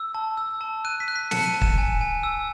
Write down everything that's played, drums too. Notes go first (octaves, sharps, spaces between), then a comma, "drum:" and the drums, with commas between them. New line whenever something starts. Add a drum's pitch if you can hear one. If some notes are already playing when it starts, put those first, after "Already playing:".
Already playing: E6
A5
E6
A5
F#6 D#7
B6
F#6
B6
A5 C#7, drum: snare
D#7
A5
E7, drum: kick
G#5
G#5
E6